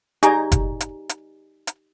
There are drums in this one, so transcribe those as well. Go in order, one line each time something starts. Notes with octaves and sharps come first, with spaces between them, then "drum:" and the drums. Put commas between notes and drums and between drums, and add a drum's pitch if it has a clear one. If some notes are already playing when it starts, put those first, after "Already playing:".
D#4 G4 G#4 D5 A#5, drum: hi-hat
drum: kick F#1, hi-hat
drum: hi-hat
drum: hi-hat
drum: hi-hat